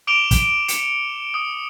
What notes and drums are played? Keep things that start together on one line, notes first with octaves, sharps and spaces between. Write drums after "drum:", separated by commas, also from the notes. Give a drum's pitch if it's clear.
D6 D7 E7 F7 G7
drum: kick, hi-hat
C#7, drum: hi-hat
D#6